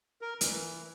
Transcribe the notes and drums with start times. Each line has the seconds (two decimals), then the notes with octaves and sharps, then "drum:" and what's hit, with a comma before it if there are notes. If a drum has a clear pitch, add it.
0.21 A#4
0.41 E3, drum: hi-hat